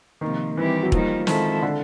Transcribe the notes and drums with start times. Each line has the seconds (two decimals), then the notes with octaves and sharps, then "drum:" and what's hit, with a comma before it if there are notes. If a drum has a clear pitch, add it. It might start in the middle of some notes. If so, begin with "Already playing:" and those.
0.21 C3 D#3 F3 A#3
0.57 E3 G3 C4 E4 G4
0.83 F#3
0.92 D#3 F3 G3 A#3 D#4, drum: kick
1.27 D#3 F3 G#3 C4 E4 A4, drum: snare
1.62 D3